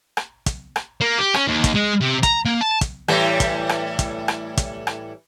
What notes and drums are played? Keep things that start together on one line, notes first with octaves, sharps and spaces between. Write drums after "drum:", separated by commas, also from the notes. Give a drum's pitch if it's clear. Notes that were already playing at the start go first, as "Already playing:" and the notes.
drum: rim click
drum: kick, hi-hat
drum: rim click
A#3
G4
C#4, drum: rim click
D#2
drum: kick, hi-hat
G#3
C3
A#5, drum: kick, hi-hat
A#3
A5
drum: kick, hi-hat
A2 E3 G3, drum: rim click
drum: kick, hi-hat
drum: rim click
drum: kick, hi-hat
drum: rim click
drum: kick, hi-hat
drum: rim click